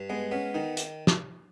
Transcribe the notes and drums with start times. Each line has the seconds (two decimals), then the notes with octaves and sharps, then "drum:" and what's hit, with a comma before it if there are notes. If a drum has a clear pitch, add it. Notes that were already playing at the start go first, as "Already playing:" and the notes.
Already playing: G2
0.10 G#3 B3
0.31 B3 C#4
0.54 D#3 D#4
0.77 drum: hi-hat
1.07 drum: snare